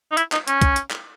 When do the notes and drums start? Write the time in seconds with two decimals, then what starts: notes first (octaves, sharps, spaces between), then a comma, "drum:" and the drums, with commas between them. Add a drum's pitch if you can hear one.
0.12 D#4
0.17 E4, drum: hi-hat
0.32 D#4, drum: clap
0.48 C#4, drum: hi-hat
0.62 drum: kick, hi-hat
0.76 drum: hi-hat
0.91 drum: clap